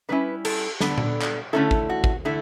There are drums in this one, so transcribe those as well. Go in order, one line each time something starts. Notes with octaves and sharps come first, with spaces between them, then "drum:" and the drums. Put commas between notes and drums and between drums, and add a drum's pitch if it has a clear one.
D3 G3 C#4 E4 B4
A4, drum: cymbal
D3 G3 B3 D4 A4, drum: snare
drum: tom A#2
drum: clap
D3 A3 C#4 E4 A4
drum: kick
F#4
drum: kick
D3 A3 E4